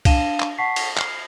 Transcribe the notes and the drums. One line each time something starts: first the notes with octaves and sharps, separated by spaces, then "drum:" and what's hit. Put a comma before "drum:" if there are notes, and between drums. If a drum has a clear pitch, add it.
D4 F5 A5 D#7 E7 G7, drum: kick C2, cymbal
drum: clap
F#5 A5 C#6 B6 C7
drum: cymbal
F6 C7, drum: clap